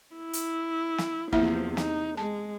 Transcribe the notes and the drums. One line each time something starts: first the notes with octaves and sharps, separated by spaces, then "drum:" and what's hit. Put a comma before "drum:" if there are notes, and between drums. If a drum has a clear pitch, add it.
E4
drum: hi-hat
drum: snare
E2 C3 F3 A#3 E4 E5, drum: kick
D#4, drum: snare
G#3 A5